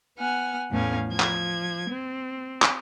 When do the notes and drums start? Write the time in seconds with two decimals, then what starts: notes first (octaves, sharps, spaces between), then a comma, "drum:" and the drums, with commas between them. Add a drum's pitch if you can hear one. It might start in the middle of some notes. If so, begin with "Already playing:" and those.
0.18 B3 F#5 G#5 F6
0.71 E2 A2 A3 C#4 F5 G#5
1.09 F3 G#6
1.20 drum: clap
1.91 C4
2.62 drum: clap